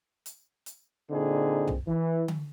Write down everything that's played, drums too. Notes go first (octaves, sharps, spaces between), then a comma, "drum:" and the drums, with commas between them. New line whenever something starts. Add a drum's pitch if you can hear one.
drum: hi-hat
drum: hi-hat
A#2 D3 C4 D#4 G#4
drum: tom
E3
drum: tom D3